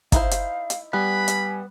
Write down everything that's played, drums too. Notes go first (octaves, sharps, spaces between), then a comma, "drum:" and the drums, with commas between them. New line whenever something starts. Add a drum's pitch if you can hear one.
D#4 E4 C5 F5, drum: kick, hi-hat
drum: hi-hat
drum: hi-hat
G3 B3 G#5 B5 F#6
drum: hi-hat